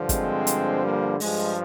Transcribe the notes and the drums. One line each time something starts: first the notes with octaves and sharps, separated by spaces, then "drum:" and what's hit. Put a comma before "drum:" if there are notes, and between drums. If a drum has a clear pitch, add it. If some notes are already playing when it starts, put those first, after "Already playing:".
Already playing: G2 D3 F3
G#3 C4, drum: kick, hi-hat
drum: hi-hat
G3 A#3
G2 F3 G#3, drum: open hi-hat